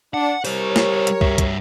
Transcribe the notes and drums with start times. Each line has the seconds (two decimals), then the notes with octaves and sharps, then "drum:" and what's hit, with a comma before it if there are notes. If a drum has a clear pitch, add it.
0.14 D4 F#5
0.45 G3 G4 A#4 C5 C#5, drum: open hi-hat
0.76 drum: snare
1.07 drum: hi-hat
1.21 G2 E5, drum: kick
1.38 drum: kick, hi-hat